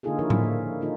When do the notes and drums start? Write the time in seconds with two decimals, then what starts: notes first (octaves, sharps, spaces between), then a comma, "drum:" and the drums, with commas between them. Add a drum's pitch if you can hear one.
0.03 D3 A#3 D#4 F4 G#4 A4
0.19 D#3 F3 E4 F4 A#4 C#5
0.30 A#3, drum: tom A2
0.43 A#3
0.61 D3
0.81 A#2 D#3 A#3 D#4 F4 A4